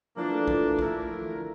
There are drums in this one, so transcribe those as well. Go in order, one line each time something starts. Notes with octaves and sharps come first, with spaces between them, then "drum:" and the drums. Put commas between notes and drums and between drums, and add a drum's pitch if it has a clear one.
E3 F3 A#3 D4
A3
F3, drum: kick
A3 E4 A#4, drum: kick
F3
E3
D3